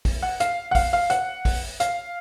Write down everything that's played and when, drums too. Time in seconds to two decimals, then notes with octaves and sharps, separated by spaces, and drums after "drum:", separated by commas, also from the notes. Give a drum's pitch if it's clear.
0.05 drum: kick, open hi-hat
0.22 F#5
0.40 F5, drum: hi-hat
0.71 F#5
0.75 F5, drum: kick, open hi-hat
0.93 F5
1.10 F#5, drum: hi-hat
1.45 drum: kick, open hi-hat
1.80 F5, drum: hi-hat